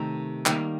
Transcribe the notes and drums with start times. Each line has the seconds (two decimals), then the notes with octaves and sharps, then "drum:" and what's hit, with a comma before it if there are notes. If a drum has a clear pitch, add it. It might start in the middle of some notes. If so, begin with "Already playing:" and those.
Already playing: C3 D#3 A3 A#4
0.46 D#3 G3 A#3, drum: clap